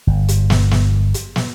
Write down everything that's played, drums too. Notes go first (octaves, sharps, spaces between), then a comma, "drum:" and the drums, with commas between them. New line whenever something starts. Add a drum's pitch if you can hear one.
G1
drum: hi-hat
drum: snare
drum: snare
drum: hi-hat
drum: snare